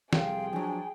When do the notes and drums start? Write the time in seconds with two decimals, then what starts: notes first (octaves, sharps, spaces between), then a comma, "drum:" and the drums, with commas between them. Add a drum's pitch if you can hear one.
0.13 C2 F2 F4 G#4 F5 G5, drum: snare
0.53 F3 F#3 D4 G#5